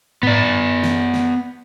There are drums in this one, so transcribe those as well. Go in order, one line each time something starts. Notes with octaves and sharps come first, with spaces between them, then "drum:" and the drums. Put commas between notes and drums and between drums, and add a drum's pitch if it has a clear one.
B3 D5, drum: tom G#2
drum: snare
drum: snare